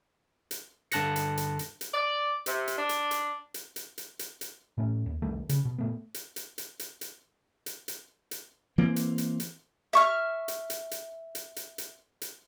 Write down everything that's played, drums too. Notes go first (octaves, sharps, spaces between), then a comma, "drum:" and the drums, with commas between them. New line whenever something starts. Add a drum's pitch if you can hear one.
drum: hi-hat
G2 D3 A5 F#6 A#6 C#7, drum: hi-hat
drum: hi-hat
drum: hi-hat
drum: hi-hat
drum: hi-hat
D5
C3, drum: hi-hat
drum: hi-hat
D4
drum: hi-hat
drum: hi-hat
drum: hi-hat
drum: hi-hat
drum: hi-hat
drum: hi-hat
drum: hi-hat
A2 A3 C#4
D#2
C2 D#3 G3 A3
C#3, drum: hi-hat
B2
A#2 A3 B3
drum: hi-hat
drum: hi-hat
drum: hi-hat
drum: hi-hat
drum: hi-hat
drum: hi-hat
drum: hi-hat
drum: hi-hat
E3 A#3 C4
drum: hi-hat
drum: hi-hat
drum: hi-hat
E5 C#6 F6
drum: hi-hat
drum: hi-hat
drum: hi-hat
drum: hi-hat
drum: hi-hat
drum: hi-hat
drum: hi-hat